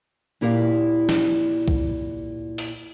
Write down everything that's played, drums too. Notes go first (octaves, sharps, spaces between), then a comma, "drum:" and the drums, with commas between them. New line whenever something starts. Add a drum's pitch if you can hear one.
A#2 E4 G4 A#4 F5
drum: snare
drum: kick
drum: open hi-hat